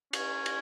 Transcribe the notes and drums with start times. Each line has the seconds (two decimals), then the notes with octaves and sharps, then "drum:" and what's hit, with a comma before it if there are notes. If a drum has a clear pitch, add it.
0.13 C#4, drum: cymbal
0.46 drum: cymbal